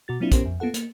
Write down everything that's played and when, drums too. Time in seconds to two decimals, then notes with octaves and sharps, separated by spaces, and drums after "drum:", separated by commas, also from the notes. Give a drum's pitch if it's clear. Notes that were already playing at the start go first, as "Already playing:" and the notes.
0.08 B2 F#4 A6
0.20 F#3 A#3 C4 D4 E4 F4
0.32 B3 C#4 G4 A#4 C5, drum: kick, hi-hat
0.45 F2
0.60 A#3 B3 F4 A4 F#5
0.74 A#3, drum: hi-hat